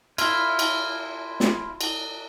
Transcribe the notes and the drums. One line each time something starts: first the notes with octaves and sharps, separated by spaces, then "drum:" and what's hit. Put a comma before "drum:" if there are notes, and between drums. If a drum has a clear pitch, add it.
E4 F4, drum: cymbal
drum: cymbal
drum: snare
drum: cymbal